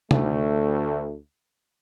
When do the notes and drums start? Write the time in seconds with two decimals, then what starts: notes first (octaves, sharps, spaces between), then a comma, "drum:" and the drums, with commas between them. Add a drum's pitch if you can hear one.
0.11 D2 A3, drum: tom C3